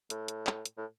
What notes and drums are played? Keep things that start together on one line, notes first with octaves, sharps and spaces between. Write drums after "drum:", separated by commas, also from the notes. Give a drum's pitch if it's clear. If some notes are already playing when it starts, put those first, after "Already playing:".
A2, drum: hi-hat
drum: hi-hat
drum: clap
drum: hi-hat
A2